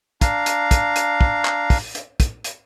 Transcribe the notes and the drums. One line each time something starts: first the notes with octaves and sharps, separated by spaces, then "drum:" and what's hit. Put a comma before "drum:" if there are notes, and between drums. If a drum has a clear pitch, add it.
D4 F5 A#5, drum: kick, hi-hat
drum: hi-hat
drum: kick, hi-hat
drum: hi-hat
drum: kick
drum: clap
drum: kick, open hi-hat
drum: hi-hat
drum: kick, hi-hat
drum: hi-hat